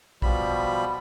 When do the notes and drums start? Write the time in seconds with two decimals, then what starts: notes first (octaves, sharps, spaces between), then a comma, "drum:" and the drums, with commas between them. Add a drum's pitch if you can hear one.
0.22 B2 F3 G3 B5, drum: kick